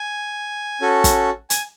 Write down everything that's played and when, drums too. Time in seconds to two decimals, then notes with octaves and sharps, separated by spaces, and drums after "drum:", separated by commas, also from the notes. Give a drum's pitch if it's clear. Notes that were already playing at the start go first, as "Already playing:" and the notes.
Already playing: G#5
0.81 C#4 F#4 A4
1.04 drum: kick, hi-hat
1.50 G#5, drum: hi-hat